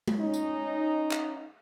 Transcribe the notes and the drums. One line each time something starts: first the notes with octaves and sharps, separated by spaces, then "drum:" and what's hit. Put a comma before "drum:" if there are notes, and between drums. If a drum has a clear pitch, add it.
drum: tom G#3
C#4 D#4
drum: tambourine
drum: clap